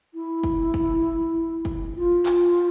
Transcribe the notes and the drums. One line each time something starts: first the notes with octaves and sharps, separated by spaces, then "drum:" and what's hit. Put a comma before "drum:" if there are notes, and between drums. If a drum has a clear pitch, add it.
E4
drum: kick
drum: kick
drum: kick
F4
drum: clap